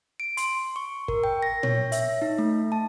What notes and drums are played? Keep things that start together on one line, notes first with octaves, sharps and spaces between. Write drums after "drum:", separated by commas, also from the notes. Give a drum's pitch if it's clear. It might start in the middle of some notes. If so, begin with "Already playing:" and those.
D7
C6, drum: hi-hat
C#6
A#4, drum: kick
G5
A#6
C#5, drum: tom A#2
E5, drum: hi-hat
D#4
A3
A5